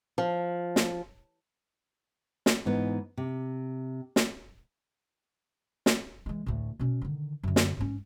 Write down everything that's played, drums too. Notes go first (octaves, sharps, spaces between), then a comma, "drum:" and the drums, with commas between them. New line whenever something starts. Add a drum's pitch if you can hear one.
F3
drum: snare
drum: snare
G#2 E3 B3 D#4
C3
drum: snare
drum: snare
E3 G#3
D2 A2
B2 C#4
D3 D#3
F#2 D3
drum: snare
G#2 C#4